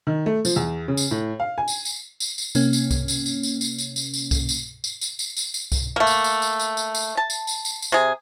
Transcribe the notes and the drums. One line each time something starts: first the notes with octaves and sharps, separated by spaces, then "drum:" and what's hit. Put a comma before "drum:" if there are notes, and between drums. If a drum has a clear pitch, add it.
D#3
A3
F3, drum: tambourine
E2
C#3
drum: tambourine
A2
F5
G#5
drum: tambourine
drum: tambourine
drum: tambourine
drum: tambourine
C3 A#3 C#4, drum: tambourine
drum: tambourine
drum: kick C2, tambourine
drum: tambourine
drum: tambourine
drum: tambourine
drum: tambourine
drum: tambourine
drum: tambourine
drum: tambourine
drum: kick C2, tambourine
drum: tambourine
drum: tambourine
drum: tambourine
drum: tambourine
drum: tambourine
drum: tambourine
drum: kick C2, tambourine
A3 A#3
drum: tambourine
drum: tambourine
drum: tambourine
drum: tambourine
drum: tambourine
drum: tambourine
A5
drum: tambourine
drum: tambourine
drum: tambourine
drum: tambourine
C3 G#4